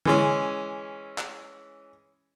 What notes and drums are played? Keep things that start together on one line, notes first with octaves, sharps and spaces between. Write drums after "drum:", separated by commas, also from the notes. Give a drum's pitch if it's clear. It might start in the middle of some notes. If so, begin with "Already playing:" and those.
E3 G#3 C#4, drum: tom D3
drum: clap